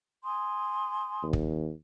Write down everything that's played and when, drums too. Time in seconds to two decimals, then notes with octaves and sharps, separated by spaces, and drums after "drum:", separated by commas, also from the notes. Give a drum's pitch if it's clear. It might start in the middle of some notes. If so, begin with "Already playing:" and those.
0.24 G#5 C6 D#6
1.23 D#2
1.33 drum: kick